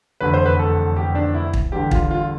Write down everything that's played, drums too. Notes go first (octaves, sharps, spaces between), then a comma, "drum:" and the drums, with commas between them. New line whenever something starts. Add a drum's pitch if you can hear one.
F1 E2 D3 B4
C5
B4
A4
G4
D4
E4
drum: kick
E2 D3 G3 G4
F4, drum: kick
F4